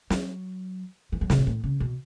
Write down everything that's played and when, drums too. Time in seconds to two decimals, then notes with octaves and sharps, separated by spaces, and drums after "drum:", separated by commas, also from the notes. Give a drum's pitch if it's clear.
0.10 F#3, drum: snare
1.12 E3
1.21 F#3
1.30 C#3, drum: snare
1.38 B2
1.47 A2
1.64 C#3
1.80 B2